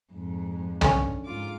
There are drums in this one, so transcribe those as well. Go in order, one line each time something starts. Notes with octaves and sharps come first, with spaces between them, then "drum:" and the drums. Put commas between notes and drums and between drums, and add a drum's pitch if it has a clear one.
F2 G#2
D3 C#4, drum: tom
G#2 F4 D6